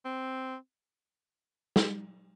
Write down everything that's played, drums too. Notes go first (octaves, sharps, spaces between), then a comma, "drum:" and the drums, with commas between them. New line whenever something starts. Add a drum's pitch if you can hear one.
C4
drum: snare